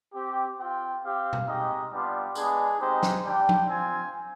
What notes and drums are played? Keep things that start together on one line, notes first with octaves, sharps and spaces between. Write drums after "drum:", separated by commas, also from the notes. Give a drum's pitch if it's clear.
C4 G4
C4 F4 G5
C4 G4 F5
drum: tom B2
G#3 C4 D#4 G4 D#5
G3 B3 D4 F4 G4
G#3 B3 D4 G#4, drum: tambourine
G#3 C4 D#4 G4 C5
drum: snare
G3 D4 G4 G5
drum: tom F3
C4 F4 G#5